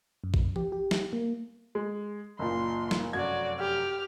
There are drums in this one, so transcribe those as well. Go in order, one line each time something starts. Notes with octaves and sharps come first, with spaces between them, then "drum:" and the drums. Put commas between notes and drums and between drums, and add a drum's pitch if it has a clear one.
F#2
drum: kick A1
G4, drum: tom E3
G4
drum: snare
A#3
G#3
F#1 A#2 C6
drum: snare
F1 F#2 F#4 D5 G#6
G4 F6